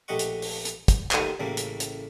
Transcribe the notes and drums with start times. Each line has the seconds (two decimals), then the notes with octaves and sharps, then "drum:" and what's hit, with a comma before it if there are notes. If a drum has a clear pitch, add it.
0.08 A#1 A3 G4 D#5 F#5 C#6
0.19 drum: hi-hat
0.42 drum: open hi-hat
0.65 drum: hi-hat
0.88 drum: kick, hi-hat
1.11 D#2 D#3 A3 F4 D#6, drum: clap
1.40 A1 A2 C#3 A3 A#3
1.57 drum: hi-hat
1.80 drum: hi-hat